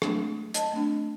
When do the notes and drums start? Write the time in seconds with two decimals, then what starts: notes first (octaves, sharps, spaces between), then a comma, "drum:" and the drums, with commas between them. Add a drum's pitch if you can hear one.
0.02 F#3 G#3 A3 C4 D4, drum: rim click
0.54 D#5 A5, drum: hi-hat
0.72 A3 C4 D4